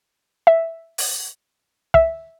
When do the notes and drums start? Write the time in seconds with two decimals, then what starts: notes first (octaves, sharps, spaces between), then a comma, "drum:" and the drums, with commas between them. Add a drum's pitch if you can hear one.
0.47 E5
0.98 drum: open hi-hat
1.94 E5, drum: kick